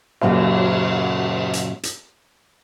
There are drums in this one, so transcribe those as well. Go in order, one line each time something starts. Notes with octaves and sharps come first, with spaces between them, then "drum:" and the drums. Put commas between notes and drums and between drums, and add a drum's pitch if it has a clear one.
F#2 A#2 C#3 F#3, drum: cymbal
drum: hi-hat
drum: hi-hat